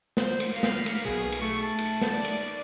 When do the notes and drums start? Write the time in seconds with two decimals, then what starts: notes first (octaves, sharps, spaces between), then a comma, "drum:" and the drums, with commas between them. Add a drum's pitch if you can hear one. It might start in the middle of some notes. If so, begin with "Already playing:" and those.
0.17 C5, drum: snare
0.40 drum: cymbal
0.52 A#3 F5 B6 C7
0.63 drum: snare
0.86 drum: cymbal
1.05 B1 B2 G#4
1.32 drum: cymbal
1.41 A3 C#6
1.62 A5
1.78 drum: cymbal
2.01 drum: snare
2.13 D5
2.25 drum: cymbal